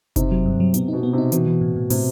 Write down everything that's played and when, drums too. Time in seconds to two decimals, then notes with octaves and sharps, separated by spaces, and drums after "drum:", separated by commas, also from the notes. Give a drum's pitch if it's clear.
0.16 C3 D#4, drum: kick F#1, hi-hat
0.31 F#3
0.46 G2
0.60 F#3
0.74 C3 B3, drum: hi-hat
0.88 B2 D#4
1.03 B3
1.13 C3
1.18 D#4
1.32 B2 E3, drum: hi-hat
1.46 E3
1.61 A2
1.76 A2
1.90 A2 C3, drum: open hi-hat